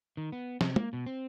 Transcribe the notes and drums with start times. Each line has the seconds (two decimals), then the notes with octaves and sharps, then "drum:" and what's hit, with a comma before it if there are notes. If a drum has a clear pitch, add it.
0.17 D#3
0.32 B3
0.61 C3, drum: snare
0.76 A#3, drum: tom
0.93 B2
1.06 C4